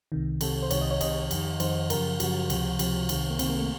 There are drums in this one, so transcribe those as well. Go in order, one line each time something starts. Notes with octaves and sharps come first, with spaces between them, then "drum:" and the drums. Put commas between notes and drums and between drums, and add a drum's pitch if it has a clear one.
C2 C3 D#3
C2 C3 D#3 A4, drum: cymbal
C5
C2 C3 D#3 C#5, drum: cymbal
D#5
C#5
C2 C3 D#3 D#5, drum: cymbal
F2 D#3, drum: cymbal
F2 D#3 C5, drum: cymbal
F#2 C#3 F3 A#4, drum: cymbal
F#2 C#3 F3 F#4, drum: cymbal
C#2 C3 F3, drum: cymbal
C#2 C3 F3, drum: cymbal
C2 C3 D#3, drum: cymbal
A#3
C2 C3 D#3 C4, drum: cymbal
A#3
A3